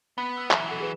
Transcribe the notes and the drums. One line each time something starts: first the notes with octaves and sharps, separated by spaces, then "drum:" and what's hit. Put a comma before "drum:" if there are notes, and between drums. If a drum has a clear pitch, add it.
B3 B5 F#6 B6
E6 F#6
E3 F#3 E5 A#5, drum: clap
A4 F#5
G#4 B4 E7